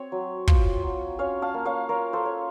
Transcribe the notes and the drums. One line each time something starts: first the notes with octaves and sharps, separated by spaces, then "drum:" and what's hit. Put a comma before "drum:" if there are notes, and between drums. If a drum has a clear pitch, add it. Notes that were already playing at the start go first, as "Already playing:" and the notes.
Already playing: C4 C#5
F#3
F4, drum: kick
F#3
C#4 C#5 F5
F5 A5
A#3
C#5 F5
F4 A#4 C#5
A4 C5
C#4 C#5